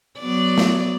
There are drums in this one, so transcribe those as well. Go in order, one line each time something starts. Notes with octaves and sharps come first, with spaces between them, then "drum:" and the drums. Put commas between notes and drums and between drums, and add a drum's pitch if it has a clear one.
F#3 B3 D5
drum: snare